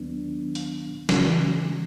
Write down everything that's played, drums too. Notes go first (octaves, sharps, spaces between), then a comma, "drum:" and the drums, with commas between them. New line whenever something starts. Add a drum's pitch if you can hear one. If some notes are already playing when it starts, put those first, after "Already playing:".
Already playing: D#2 D#3 F#3 B3 D4
drum: open hi-hat
C#3 E3 G#3, drum: snare